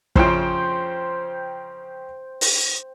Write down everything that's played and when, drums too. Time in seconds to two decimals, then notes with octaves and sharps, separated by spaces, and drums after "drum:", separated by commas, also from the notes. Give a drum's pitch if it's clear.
0.16 F2 C#3 F3 C5 G5, drum: kick
2.41 drum: open hi-hat